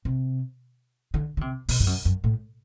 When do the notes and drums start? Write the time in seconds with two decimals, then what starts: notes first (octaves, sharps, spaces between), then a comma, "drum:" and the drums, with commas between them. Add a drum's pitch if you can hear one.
0.05 C3
1.14 D3
1.37 D3
1.41 C3
1.69 B2, drum: open hi-hat
1.80 G2
1.87 F#2
2.05 F#2
2.24 A2